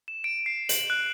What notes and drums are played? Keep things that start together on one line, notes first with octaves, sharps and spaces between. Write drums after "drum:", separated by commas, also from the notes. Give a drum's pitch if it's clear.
E7
D7
C7
F#7, drum: hi-hat
F#6